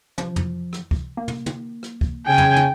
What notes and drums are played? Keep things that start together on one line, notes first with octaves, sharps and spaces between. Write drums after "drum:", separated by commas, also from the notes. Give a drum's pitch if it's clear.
F3, drum: tom
drum: tom
drum: rim click
drum: kick C2
A#3
drum: tom
drum: tom
drum: rim click
drum: kick C2
C#3 G5 G#5
drum: tom
drum: tom